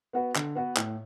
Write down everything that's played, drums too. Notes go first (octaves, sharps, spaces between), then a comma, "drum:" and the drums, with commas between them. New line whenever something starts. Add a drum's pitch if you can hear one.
B3 F#4 B4
D3, drum: clap
B3 F#4 B4
A2, drum: clap